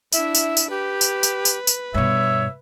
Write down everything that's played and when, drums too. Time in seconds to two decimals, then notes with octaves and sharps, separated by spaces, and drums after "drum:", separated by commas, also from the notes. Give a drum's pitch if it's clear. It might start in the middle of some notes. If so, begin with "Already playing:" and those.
0.12 D4 E4 E5, drum: tambourine
0.35 drum: tambourine
0.57 drum: tambourine
0.70 G4 B4
1.01 drum: tambourine
1.23 drum: tambourine
1.45 drum: tambourine
1.67 drum: tambourine
1.94 G2 B2 C#5 E5